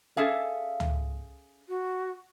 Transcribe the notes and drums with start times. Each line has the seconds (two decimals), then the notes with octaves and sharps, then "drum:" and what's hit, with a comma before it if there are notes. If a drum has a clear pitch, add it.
0.17 C#4 G#4 A4 E5 F5
0.80 drum: tom C#2
1.69 F#4